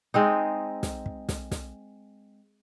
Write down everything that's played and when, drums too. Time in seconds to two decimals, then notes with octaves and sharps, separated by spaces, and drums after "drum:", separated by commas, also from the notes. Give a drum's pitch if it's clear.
0.14 G#3 C4 D#4
0.83 drum: snare
1.06 drum: kick
1.29 drum: snare
1.51 drum: snare